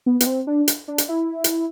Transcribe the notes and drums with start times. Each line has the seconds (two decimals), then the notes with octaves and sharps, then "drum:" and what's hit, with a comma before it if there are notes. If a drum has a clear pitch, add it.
0.06 B3
0.20 B3, drum: hi-hat
0.26 C4
0.47 D4
0.68 drum: hi-hat
0.88 D4
0.98 drum: hi-hat
1.09 E4
1.44 drum: hi-hat